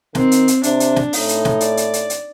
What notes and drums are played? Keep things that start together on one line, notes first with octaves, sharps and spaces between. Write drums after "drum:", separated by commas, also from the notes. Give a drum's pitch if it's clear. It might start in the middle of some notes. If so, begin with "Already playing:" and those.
D#3 C4, drum: snare
drum: hi-hat
drum: hi-hat
C3 D4, drum: hi-hat
drum: hi-hat
drum: snare
A2 D#4, drum: open hi-hat
drum: hi-hat
drum: snare
D5, drum: hi-hat
drum: hi-hat
drum: hi-hat
drum: hi-hat